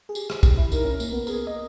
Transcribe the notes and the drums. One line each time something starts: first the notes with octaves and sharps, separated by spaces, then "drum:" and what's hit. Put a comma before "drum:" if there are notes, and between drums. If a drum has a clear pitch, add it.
G#4
G4, drum: tambourine
G#4, drum: rim click
G4, drum: kick, tambourine
E4
D#4 A#4, drum: tambourine
C#4
A#3, drum: tambourine
B3
G#4 A#4, drum: tambourine
D#5